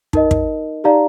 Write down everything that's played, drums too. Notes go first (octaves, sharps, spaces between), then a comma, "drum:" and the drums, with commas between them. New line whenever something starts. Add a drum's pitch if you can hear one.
D#4 A#4 D#5, drum: kick
drum: kick
D#4 G4 D5 F5 A#5